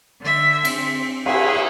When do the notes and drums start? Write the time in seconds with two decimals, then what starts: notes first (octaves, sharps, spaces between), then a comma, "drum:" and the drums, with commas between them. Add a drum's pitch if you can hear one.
0.21 D3 E5
0.65 C4, drum: cymbal
1.26 E4 G#4, drum: cymbal